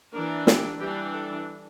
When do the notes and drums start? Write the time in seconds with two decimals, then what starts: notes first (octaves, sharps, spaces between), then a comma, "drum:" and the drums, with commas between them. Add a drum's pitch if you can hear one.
0.13 E3 A#3 D4 A#4
0.47 G4, drum: snare
0.80 E3 G3 D4 G4
1.13 A4